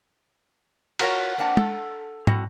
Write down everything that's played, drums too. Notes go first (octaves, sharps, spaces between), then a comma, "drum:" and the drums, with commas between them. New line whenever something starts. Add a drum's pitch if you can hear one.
F4 F#4 A#4 B4 C#5 F#5, drum: cymbal
A#3 C4 D4 F#5 A5
A4, drum: tom
A2 G3 C4 F#4, drum: tom